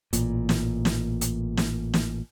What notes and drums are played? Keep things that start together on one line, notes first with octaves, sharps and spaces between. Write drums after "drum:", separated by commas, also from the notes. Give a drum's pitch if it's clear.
A1 A#2, drum: hi-hat
drum: snare
drum: snare
drum: hi-hat
drum: snare
drum: snare